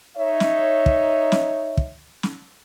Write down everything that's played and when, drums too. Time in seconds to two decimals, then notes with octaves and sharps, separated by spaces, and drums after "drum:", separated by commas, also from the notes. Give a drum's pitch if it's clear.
0.17 D#4 C#5 E5
0.40 drum: snare
0.86 drum: kick
1.32 drum: snare
1.77 drum: kick
2.23 drum: snare